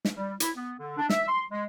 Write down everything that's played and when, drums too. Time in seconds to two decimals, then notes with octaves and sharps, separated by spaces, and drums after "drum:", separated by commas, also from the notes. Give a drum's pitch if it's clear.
0.05 drum: snare
0.16 G3
0.40 E4, drum: hi-hat
0.56 B3
0.79 D3
0.98 D4
1.09 E5, drum: snare
1.28 C6
1.51 G#3